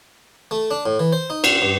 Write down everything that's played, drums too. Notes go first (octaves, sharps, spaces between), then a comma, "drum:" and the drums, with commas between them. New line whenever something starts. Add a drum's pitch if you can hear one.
A3
D4
A2
E3
C5
D#4
A#2, drum: cymbal
G2